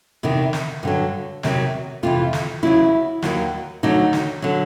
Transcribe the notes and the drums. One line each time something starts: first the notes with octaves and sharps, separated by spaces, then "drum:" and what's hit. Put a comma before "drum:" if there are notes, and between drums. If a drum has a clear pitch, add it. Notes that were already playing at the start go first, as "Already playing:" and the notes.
E2 C3 D#3
drum: snare
G2 D3 F#3
E2 C3 D#3 F#3, drum: snare
F2 C3 E3 F4
drum: snare
E2 C#3 F#3 E4
D#2 D#3 F#3, drum: snare
D2 D3 F#3 D#4
drum: snare
D3 F#3